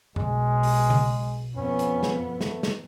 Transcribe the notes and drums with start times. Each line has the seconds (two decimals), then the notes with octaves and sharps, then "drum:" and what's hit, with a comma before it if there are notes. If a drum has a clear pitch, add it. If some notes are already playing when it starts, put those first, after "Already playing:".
0.16 B1 G#3, drum: tom F2
0.63 drum: open hi-hat
0.90 drum: tom C#3
1.56 F2 B3 C#4
1.79 drum: hi-hat
2.03 drum: snare
2.41 A3, drum: snare
2.63 drum: snare